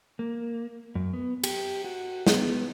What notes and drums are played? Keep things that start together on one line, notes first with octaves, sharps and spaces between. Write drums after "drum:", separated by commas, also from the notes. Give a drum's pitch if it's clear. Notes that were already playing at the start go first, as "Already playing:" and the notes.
A#3
F#2
B3
G4, drum: cymbal
F#4
B3, drum: snare